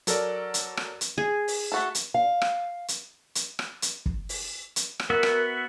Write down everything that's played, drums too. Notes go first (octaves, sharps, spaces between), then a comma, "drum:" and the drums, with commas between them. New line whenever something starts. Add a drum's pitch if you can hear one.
F#3 A4 A#4 D5, drum: hi-hat
drum: hi-hat
drum: rim click
drum: hi-hat
G#4
drum: open hi-hat
A3 F#4 A4
drum: hi-hat
F5
drum: rim click
drum: hi-hat
drum: hi-hat
drum: rim click
drum: hi-hat
drum: kick
drum: open hi-hat
drum: hi-hat
drum: rim click
B3 F#4 A#4 E5
drum: rim click